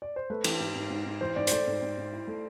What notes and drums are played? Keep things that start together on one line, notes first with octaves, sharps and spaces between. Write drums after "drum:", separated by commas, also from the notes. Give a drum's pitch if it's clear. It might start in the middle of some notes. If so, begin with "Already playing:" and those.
D5
C5
A3 B4
E3, drum: cymbal
G#2
G#2
G#2
G#2
E3 C5
G#2 D5
C5, drum: hi-hat
A3 D5
G#2
G#2
G#2
E4
A3